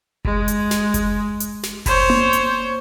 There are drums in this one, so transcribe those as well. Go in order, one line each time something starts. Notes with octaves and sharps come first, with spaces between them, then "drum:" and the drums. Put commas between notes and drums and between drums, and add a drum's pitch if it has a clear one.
G#3, drum: kick F#1
drum: hi-hat
drum: snare
drum: kick F#1, hi-hat
drum: hi-hat
drum: snare
C5 C#5, drum: kick F#1, open hi-hat
drum: tom A#3
drum: hi-hat